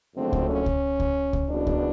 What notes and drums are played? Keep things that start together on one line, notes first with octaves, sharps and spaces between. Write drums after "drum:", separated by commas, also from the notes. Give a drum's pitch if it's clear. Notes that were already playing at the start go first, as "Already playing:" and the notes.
F#1 F2 D3 F#3 A3 C4
drum: kick C#2
C#4
drum: kick C#2
drum: kick C#2
drum: kick C#2
F#1 E2 B2 D4
drum: kick C#2